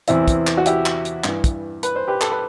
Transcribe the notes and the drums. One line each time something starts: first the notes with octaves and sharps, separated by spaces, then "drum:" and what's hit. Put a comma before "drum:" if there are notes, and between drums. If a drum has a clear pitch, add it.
E2 C3 E3 C4 E4, drum: hi-hat
drum: kick, hi-hat
drum: clap
F#4
E4 G4, drum: hi-hat
drum: clap
drum: hi-hat
G2 E3, drum: clap
drum: kick, hi-hat
B4, drum: hi-hat
C5
G4 B4
A4, drum: clap
B4